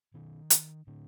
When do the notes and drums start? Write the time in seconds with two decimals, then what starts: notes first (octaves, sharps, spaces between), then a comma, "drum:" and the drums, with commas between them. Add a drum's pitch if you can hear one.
0.14 B2 D#3
0.50 drum: hi-hat
0.87 A2 D3